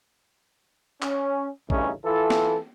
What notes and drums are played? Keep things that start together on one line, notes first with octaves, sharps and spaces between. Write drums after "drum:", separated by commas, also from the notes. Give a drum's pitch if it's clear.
C#4, drum: clap
A1 G2 C#3 A3 C#4 D#4, drum: kick
E3 E4 F4 A4
drum: snare